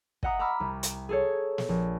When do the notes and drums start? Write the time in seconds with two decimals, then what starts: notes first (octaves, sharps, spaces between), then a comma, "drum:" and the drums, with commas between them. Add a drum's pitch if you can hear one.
0.23 D#5 E5 F#5 A#5 D#6, drum: kick
0.39 A#5 B5 D6 E6 F6
0.60 C2
0.83 drum: hi-hat
1.09 G#4 A4 C#5
1.58 drum: snare
1.69 A#1